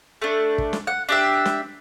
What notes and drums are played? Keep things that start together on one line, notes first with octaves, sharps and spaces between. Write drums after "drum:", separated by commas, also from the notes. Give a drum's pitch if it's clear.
A3 D4
drum: kick
drum: snare
F#5
D4 G4 E5
drum: snare